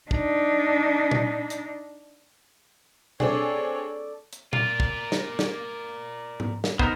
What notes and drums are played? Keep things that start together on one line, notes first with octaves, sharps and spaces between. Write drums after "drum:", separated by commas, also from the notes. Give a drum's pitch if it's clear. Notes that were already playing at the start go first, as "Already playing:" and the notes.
D4 D#4, drum: kick
drum: tom A#2
drum: hi-hat
C4 D4 G#4 A4 C#5 D5, drum: tom B2
drum: hi-hat
F4 A#4 D5, drum: tom A#2
drum: kick
drum: snare
drum: snare
drum: tom G#2
drum: snare
B3 D#4 A#4 C5, drum: kick